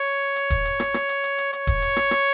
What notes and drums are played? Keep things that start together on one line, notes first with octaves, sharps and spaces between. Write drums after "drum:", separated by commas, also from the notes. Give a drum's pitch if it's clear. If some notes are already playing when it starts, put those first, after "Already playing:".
Already playing: C#5
drum: hi-hat
drum: kick D#1, hi-hat
drum: hi-hat
drum: rim click
drum: rim click
drum: hi-hat
drum: hi-hat
drum: hi-hat
C#5, drum: hi-hat
drum: kick D#1, hi-hat
drum: hi-hat
drum: rim click
drum: rim click